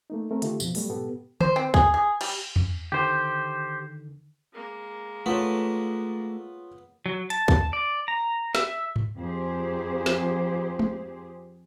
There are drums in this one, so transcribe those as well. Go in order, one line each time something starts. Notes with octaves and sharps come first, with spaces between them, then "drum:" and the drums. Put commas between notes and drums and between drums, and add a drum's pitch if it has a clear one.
A3 A#3 D#4
A3 C4 A#4
D3 D#3 A3 E4 F4 G4, drum: hi-hat
F2 B2 F3, drum: tambourine
F#3 G3 A3 B3, drum: open hi-hat
G#2 B2 B3 G4 A4
C5, drum: tom D3
C4
G#4, drum: kick
G#4
G3, drum: cymbal
drum: tom E2
D3 D#3 G4 C5
G#3 A#3
A3 B3 F4 A4 B4 C#5
F#3
A5, drum: hi-hat
drum: kick
D5
A#5
E5, drum: snare
drum: tom G#2
F2 G4 G#4 C5
drum: snare
drum: tom